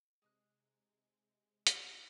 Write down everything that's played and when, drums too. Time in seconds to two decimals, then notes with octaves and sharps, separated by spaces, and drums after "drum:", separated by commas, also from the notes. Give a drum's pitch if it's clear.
0.22 C3 G#3 D#4 D6 F#6
1.67 drum: hi-hat